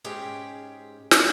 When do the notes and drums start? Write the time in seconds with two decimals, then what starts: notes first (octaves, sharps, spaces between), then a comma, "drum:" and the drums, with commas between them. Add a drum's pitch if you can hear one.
0.04 G#2 C#4 G4 G#4 G5
1.11 drum: snare